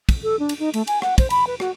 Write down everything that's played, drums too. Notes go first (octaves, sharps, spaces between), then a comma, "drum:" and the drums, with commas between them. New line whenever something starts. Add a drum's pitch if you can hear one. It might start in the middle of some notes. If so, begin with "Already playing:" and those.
drum: kick, cymbal
A4
D4
drum: cymbal
D#4
A3, drum: cymbal
G#5, drum: cymbal
F#5, drum: rim click
C5, drum: kick, cymbal
B5, drum: cymbal
B4
F#4, drum: rim click